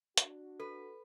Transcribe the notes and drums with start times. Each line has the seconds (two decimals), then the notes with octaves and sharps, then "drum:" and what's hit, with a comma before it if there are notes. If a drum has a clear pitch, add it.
0.18 D4 F#4, drum: hi-hat
0.60 A4 B4